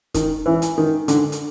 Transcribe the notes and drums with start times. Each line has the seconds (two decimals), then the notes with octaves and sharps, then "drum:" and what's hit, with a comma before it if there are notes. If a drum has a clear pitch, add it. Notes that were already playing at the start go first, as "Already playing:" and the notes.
0.14 D#3, drum: kick, hi-hat
0.46 E3
0.62 drum: hi-hat
0.78 D#3
1.08 D3, drum: hi-hat
1.32 drum: hi-hat